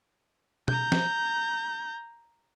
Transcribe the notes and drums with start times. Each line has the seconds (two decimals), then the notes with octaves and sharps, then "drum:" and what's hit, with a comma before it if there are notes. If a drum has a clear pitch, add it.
0.68 A#5 G6, drum: tom B2
0.92 drum: snare